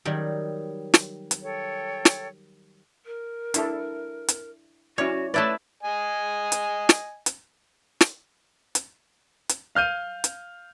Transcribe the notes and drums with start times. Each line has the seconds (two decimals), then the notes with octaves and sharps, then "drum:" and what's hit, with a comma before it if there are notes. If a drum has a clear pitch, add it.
0.05 D#3 F#3 G3
0.94 drum: snare
1.31 drum: hi-hat
1.43 A4 C#5 G5
2.05 drum: snare
3.06 A#4
3.54 D4 E4 A4, drum: hi-hat
4.28 drum: hi-hat
4.98 C#4 E4 F#4 C#5 D5
5.34 A3 E4 B4 C#5 D5 E5 A5
5.83 D#5 G#5
6.52 drum: hi-hat
6.89 drum: snare
7.26 drum: hi-hat
8.01 drum: snare
8.75 drum: hi-hat
9.49 drum: hi-hat
9.75 F5 F6 G6 D#7
10.24 drum: hi-hat